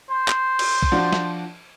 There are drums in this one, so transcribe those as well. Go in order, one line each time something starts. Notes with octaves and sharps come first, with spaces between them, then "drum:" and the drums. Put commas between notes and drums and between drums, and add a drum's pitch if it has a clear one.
C5
drum: clap
drum: cymbal
drum: kick
F3 D4 F#4
drum: snare